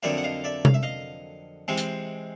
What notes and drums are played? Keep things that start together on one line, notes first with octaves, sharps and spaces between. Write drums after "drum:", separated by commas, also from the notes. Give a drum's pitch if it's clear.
F2 D3 F#3 A#3 D5 E5
F#5
D#5 F5
D5 E5
F5, drum: tom C3
E5
D#5 F5
C3 E3 G#3 C4
drum: hi-hat